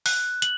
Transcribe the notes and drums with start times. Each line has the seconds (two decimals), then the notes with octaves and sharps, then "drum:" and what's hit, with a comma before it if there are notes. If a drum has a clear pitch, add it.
0.06 F#6, drum: open hi-hat
0.42 F#7, drum: hi-hat